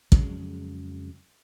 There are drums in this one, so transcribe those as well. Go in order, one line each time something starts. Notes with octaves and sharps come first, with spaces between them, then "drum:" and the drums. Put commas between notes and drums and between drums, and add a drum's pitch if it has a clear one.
F2 C#3 F#3 G#3, drum: kick